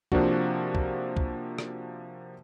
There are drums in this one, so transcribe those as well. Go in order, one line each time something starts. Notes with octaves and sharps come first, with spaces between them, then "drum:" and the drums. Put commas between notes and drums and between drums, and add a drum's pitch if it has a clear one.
C3 F3 A#3 D4 F#4, drum: kick
drum: kick
drum: kick
drum: rim click